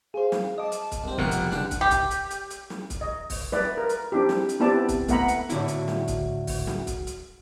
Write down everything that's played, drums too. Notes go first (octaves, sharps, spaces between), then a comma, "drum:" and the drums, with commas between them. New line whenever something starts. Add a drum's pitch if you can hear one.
G#4 C5 F5
drum: snare
D#5 A5 D6
drum: hi-hat
drum: kick, hi-hat
C2 C4
F1 B2 A#3 F#4 A#4 G5 F6 F#6
drum: hi-hat
D3 G4 A4, drum: snare
drum: kick, hi-hat
G4
drum: kick, hi-hat
drum: hi-hat
drum: hi-hat
drum: hi-hat
drum: snare
drum: kick, hi-hat
D#5
drum: kick, open hi-hat
B4 D5 E5, drum: snare
A#4
drum: hi-hat
C4 D4 E4 G4
drum: snare
drum: hi-hat
B3 C4 E4 G4 D5 A5
drum: kick, hi-hat
A3 B3 E5 F#5 A#5 B5, drum: kick, hi-hat
drum: hi-hat
A2 D3 E4 F#4, drum: hi-hat
drum: hi-hat
drum: snare
drum: kick, hi-hat
drum: kick, open hi-hat
drum: snare
drum: kick, hi-hat
drum: hi-hat